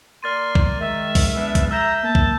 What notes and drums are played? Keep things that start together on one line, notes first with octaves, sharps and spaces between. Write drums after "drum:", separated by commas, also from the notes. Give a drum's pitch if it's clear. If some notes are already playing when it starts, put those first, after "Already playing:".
A#3 D5 C6 F6 A6 D#7
drum: kick B1
D#3 G#3 E5
drum: kick B1, open hi-hat
E3 B3 D4
drum: kick B1, hi-hat
E5 A#5 E6 G6 E7
A#3 A5
drum: kick B1